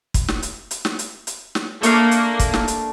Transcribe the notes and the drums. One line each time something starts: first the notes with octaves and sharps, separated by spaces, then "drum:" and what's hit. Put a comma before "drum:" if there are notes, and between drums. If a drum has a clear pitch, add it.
drum: kick, hi-hat
drum: snare
drum: hi-hat
drum: hi-hat
drum: snare
drum: hi-hat
drum: hi-hat
drum: snare
A3 A#3 D4 F5, drum: hi-hat
drum: hi-hat
drum: kick, hi-hat
drum: snare
drum: hi-hat